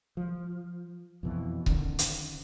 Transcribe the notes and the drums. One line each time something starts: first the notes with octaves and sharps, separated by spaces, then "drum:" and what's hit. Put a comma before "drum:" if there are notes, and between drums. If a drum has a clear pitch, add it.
F3
F2 B2 E3
D3 D#3 C#4, drum: kick C#1
drum: hi-hat